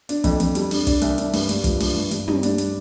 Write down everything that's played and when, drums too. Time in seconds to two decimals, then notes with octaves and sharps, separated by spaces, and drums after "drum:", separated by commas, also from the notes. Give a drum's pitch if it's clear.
0.09 D4, drum: hi-hat
0.24 F2, drum: kick, hi-hat
0.40 F2, drum: hi-hat
0.55 G3, drum: hi-hat
0.71 D4, drum: open hi-hat
0.87 D4, drum: kick, hi-hat
1.01 C2, drum: hi-hat
1.18 D4, drum: hi-hat
1.33 G2, drum: open hi-hat
1.49 G2, drum: hi-hat
1.64 F3, drum: kick, hi-hat
1.80 G2, drum: open hi-hat
1.96 G2
2.11 G2, drum: hi-hat
2.28 G3, drum: tom
2.43 D4, drum: hi-hat
2.58 drum: hi-hat